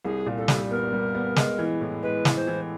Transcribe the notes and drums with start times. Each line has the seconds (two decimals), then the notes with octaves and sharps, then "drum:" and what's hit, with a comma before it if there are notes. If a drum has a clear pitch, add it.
0.05 C2 G#4
0.26 A#2
0.38 A4
0.48 G3, drum: snare
0.71 B3 A#4
0.93 G3
1.15 B3
1.36 G#3, drum: snare
1.59 E3
1.81 A2
2.03 G#3 B4
2.25 E3, drum: snare
2.36 C5
2.47 E3